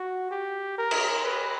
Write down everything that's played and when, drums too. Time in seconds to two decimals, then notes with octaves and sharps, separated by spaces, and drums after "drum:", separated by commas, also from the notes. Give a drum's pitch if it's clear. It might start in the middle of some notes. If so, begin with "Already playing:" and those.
Already playing: F#4
0.31 G4
0.78 A#4
0.91 drum: cymbal
1.25 B4